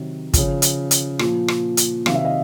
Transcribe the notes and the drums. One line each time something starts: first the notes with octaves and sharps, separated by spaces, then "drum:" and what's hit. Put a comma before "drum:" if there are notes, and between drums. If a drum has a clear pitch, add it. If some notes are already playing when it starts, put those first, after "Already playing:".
Already playing: C3 D#3 F#3
C#3 F3, drum: kick, hi-hat
drum: hi-hat
drum: hi-hat
A#2 F3, drum: rim click
drum: rim click
drum: hi-hat
C3 D#3 F#3 F5, drum: rim click
E5
D#5 F5